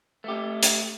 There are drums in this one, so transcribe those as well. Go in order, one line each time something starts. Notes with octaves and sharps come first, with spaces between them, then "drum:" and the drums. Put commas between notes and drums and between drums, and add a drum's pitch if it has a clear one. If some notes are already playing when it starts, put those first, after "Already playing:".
A3 G4
drum: hi-hat